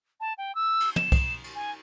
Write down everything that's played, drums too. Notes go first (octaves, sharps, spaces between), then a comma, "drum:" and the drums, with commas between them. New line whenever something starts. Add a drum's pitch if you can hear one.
A5
G5
E6
drum: cymbal
E7, drum: tom
drum: kick C2, cymbal
drum: cymbal
G#5